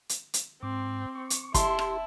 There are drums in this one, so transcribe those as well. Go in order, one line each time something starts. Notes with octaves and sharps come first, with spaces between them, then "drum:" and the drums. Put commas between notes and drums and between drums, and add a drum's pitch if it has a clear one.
drum: hi-hat
drum: hi-hat
G#2 C4 D6
C#6
drum: hi-hat
E4 G4 A5 C6, drum: kick, hi-hat
drum: rim click